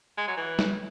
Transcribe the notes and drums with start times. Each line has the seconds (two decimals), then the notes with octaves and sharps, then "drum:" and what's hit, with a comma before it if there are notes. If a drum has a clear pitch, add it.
0.18 G#3
0.28 F#3
0.37 E3
0.59 drum: snare